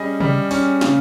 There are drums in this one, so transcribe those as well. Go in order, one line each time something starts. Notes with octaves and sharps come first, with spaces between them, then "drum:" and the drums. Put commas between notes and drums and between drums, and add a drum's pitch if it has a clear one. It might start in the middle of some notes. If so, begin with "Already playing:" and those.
Already playing: G3 C#4 G#4 D#5
G3, drum: tom C3
C#4, drum: open hi-hat
C#3, drum: snare